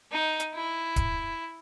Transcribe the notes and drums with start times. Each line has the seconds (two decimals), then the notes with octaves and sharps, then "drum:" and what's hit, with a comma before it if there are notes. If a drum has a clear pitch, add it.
0.12 D#4
0.40 drum: hi-hat
0.54 E4
0.96 drum: kick, hi-hat